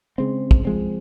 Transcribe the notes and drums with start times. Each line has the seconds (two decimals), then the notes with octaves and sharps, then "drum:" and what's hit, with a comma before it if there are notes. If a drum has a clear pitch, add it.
0.18 C#3 G#3 C4
0.51 drum: kick
0.65 F3 G#3 C4